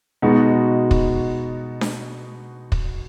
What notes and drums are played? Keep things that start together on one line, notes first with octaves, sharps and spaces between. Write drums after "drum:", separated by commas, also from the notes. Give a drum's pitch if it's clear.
B2 G#3 B3 D#4 F#4
drum: kick
drum: snare D4
drum: kick